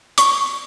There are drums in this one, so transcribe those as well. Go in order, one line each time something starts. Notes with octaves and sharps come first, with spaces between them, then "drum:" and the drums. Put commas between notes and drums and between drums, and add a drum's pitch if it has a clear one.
C#6, drum: hi-hat